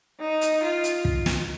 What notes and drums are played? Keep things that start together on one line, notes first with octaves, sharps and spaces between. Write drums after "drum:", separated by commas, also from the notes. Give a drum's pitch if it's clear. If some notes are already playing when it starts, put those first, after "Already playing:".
D#4
drum: hi-hat
F4
drum: hi-hat
drum: kick
drum: snare